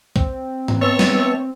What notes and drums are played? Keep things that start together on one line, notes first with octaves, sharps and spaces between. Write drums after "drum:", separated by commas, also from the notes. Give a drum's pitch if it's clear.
C4, drum: kick
drum: tom
B3 C#5 E5 A5
drum: snare